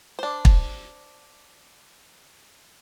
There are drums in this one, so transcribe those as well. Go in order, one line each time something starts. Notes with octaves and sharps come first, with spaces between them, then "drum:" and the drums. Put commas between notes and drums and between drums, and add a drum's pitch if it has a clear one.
D4 C5
drum: kick